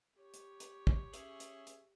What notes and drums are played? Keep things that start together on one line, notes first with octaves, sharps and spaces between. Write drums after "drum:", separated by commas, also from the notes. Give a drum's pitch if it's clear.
G4 C#5
drum: hi-hat
drum: hi-hat
drum: kick
C#4 G#4 E5, drum: hi-hat
drum: hi-hat
drum: hi-hat